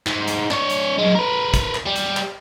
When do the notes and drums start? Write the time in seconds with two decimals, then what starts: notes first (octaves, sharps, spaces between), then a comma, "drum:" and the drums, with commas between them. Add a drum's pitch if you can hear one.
0.07 G#2, drum: clap
0.28 drum: hi-hat
0.51 D4 C#5, drum: clap
0.70 drum: hi-hat
0.98 F#2 G#3
1.15 A#4 B4
1.54 drum: kick, hi-hat
1.75 drum: clap
1.86 G3
1.96 drum: hi-hat
2.17 drum: clap